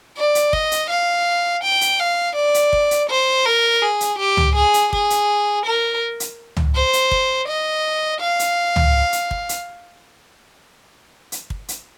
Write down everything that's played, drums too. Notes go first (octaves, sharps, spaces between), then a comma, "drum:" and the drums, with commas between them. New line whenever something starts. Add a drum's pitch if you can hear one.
D5
drum: hi-hat
D#5, drum: kick
drum: hi-hat
F5
G5
drum: hi-hat
F5
D5
drum: hi-hat
drum: kick
drum: hi-hat
C5
A#4
G#4
drum: hi-hat
G4
drum: tom C#2
G#4
drum: hi-hat
G#4, drum: kick
drum: hi-hat
A#4
drum: hi-hat
drum: tom C#2
C5
drum: hi-hat
drum: kick
D#5
F5
drum: hi-hat
drum: tom C#2
drum: hi-hat
drum: kick
drum: hi-hat
drum: hi-hat
drum: kick
drum: hi-hat